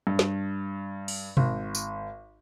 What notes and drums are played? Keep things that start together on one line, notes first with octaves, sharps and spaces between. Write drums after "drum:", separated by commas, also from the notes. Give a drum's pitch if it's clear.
G2
drum: snare
drum: open hi-hat
G#1, drum: tom B2
drum: tambourine